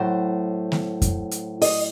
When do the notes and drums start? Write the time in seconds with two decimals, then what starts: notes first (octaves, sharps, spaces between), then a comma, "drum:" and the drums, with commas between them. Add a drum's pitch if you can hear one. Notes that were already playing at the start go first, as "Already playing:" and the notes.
Already playing: A2 F#3 C5
0.72 drum: snare A3
1.02 drum: kick F2, hi-hat
1.31 drum: hi-hat
1.62 D#5, drum: open hi-hat